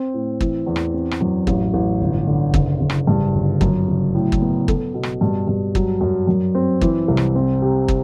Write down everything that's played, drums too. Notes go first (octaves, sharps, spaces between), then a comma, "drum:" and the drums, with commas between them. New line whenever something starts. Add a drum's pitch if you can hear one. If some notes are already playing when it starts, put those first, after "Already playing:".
Already playing: C4
A2
E3, drum: kick
E2
drum: rim click
C4
drum: rim click
F#2
A1, drum: kick
A1
G1
D3
F#1, drum: kick
F#1
drum: rim click
G2
G1
F#2, drum: kick
F#1
A2
drum: kick
B3
A4, drum: kick
B2
drum: rim click
G2
G2
F#3, drum: kick
F#2
F#2
C4
E3, drum: kick
C2
drum: rim click
C4
C3
drum: kick